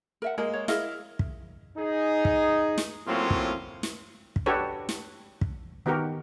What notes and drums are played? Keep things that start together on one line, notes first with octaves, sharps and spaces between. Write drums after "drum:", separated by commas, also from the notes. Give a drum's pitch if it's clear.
A#4 E5 F#5
G#3 A#3 A#4
C#5
E4 G#4 A#4 D#5 F5, drum: snare
drum: kick
D#4 G#4
drum: kick
drum: snare
A2 F#3 A#3 C4 C#4 F4
drum: kick
drum: snare
drum: kick
D4 F#4 G4 A4 B4 C#5
drum: snare
drum: kick
D#3 B3 F#4 G4 A#4